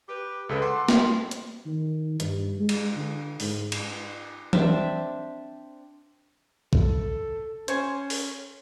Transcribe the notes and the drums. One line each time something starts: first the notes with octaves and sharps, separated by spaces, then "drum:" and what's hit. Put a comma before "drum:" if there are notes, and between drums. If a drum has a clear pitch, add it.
G4 B4
C#2 C#3 A4 B4
F#5 C6 D6
A3 C4 F4, drum: snare
drum: hi-hat
D#3
G2, drum: hi-hat
G#3
drum: cymbal
D3
G#2, drum: open hi-hat
drum: cymbal
C4 D4 E5, drum: tom E3
A4, drum: kick
C#4 C5 C#5 G#5, drum: hi-hat
drum: open hi-hat